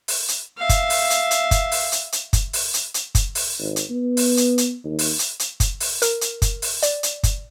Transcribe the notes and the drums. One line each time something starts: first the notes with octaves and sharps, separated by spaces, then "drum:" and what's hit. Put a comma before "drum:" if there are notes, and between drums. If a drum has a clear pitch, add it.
drum: open hi-hat
drum: hi-hat
E5 F5
drum: kick F#1, hi-hat
drum: open hi-hat
drum: hi-hat
drum: hi-hat
drum: kick F#1, hi-hat
drum: open hi-hat
drum: hi-hat
drum: hi-hat
drum: kick F#1, hi-hat
drum: open hi-hat
drum: hi-hat
drum: hi-hat
drum: kick F#1, hi-hat
drum: open hi-hat
G#1
drum: hi-hat
B3
drum: open hi-hat
drum: hi-hat
drum: hi-hat
D#2
drum: open hi-hat
drum: hi-hat
drum: hi-hat
drum: kick F#1, hi-hat
drum: open hi-hat
A#4, drum: hi-hat
drum: hi-hat
drum: kick F#1, hi-hat
drum: open hi-hat
D5, drum: hi-hat
drum: hi-hat
drum: kick F#1, hi-hat